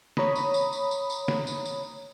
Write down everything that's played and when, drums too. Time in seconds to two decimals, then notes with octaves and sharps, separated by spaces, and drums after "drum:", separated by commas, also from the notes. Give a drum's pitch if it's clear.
0.17 C#5 A#5 B5 D#6, drum: snare
0.35 drum: tambourine
0.54 drum: tambourine
0.73 drum: tambourine
0.91 drum: tambourine
1.10 drum: tambourine
1.28 drum: snare
1.47 drum: tambourine
1.65 drum: tambourine